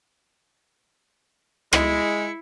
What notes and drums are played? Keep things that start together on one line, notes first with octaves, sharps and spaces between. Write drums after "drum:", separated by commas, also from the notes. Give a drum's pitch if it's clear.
G#3 E4 C#7, drum: rim click